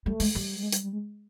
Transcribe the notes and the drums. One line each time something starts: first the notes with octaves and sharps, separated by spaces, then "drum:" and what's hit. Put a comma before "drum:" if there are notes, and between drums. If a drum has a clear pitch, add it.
G3 A3
G#3, drum: open hi-hat
G3
G3
G#3
G3, drum: hi-hat
G3
G#3